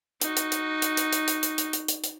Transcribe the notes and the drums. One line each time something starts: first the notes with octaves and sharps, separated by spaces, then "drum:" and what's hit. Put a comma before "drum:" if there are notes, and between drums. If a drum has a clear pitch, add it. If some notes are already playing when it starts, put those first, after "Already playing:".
D#4 F#4, drum: hi-hat
drum: hi-hat
drum: hi-hat
drum: hi-hat
drum: hi-hat
drum: hi-hat
drum: hi-hat
drum: hi-hat
drum: hi-hat
drum: hi-hat
drum: hi-hat
drum: hi-hat